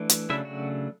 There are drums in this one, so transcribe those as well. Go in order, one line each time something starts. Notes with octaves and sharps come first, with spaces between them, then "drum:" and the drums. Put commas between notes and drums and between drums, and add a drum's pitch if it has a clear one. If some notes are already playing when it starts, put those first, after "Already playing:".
Already playing: E3 A3 D4
drum: hi-hat
C#3 F#3 A3 D4 E4 E5
F#4